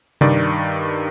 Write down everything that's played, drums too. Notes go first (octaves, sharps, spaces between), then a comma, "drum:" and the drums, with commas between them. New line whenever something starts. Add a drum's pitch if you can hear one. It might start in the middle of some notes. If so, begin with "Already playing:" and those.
G2 D#3 D5, drum: tom C3